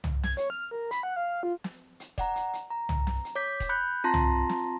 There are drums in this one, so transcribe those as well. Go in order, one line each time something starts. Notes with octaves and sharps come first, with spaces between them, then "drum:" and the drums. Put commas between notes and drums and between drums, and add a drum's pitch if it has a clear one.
drum: tom C2
G#6, drum: snare
C#5, drum: hi-hat
F6
A#4
B5, drum: hi-hat
F#5
F5
F4
drum: snare
drum: hi-hat
D5 F#5 A#5, drum: kick, hi-hat
drum: hi-hat
drum: hi-hat
A#5
drum: tom C2
drum: snare
drum: hi-hat
C#5 D6 G6 B6
drum: kick, hi-hat
B5 F#6 G6 C#7
C4 F4 A5 A#5 C6 A#6
drum: tom C2
drum: snare